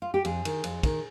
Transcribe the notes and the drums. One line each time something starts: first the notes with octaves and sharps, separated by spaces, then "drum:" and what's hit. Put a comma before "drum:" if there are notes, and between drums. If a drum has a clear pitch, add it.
F4
G4
F2 G#4, drum: cymbal
D#3, drum: cymbal
F2, drum: cymbal
D#3, drum: kick, cymbal